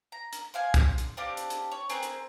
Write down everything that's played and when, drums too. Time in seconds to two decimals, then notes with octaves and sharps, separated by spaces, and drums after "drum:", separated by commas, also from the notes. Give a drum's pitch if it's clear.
0.12 A#5
0.33 drum: hi-hat
0.54 C5 F5 G#5
0.74 C6, drum: kick, hi-hat
0.98 drum: hi-hat
1.17 C4 D4 G4 F5
1.37 drum: hi-hat
1.50 drum: hi-hat
1.71 C#5
1.90 C4 G#4 A#4 B4, drum: hi-hat
2.03 drum: hi-hat